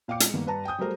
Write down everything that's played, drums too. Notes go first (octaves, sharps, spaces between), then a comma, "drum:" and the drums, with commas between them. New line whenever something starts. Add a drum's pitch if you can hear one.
A#2 F5 G5 D6 C#7
G#3, drum: hi-hat
G2 D#3 A#3 B3
G2 B4 A5 A#5
G5 G#5 D#6 G6
F#3 G3 A3 G#4 A#4 C5